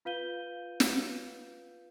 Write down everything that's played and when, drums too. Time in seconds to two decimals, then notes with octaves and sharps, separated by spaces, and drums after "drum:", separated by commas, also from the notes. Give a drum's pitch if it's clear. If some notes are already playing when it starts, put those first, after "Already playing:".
0.05 F4 B4 F5 G6 D#7 G7
0.80 drum: snare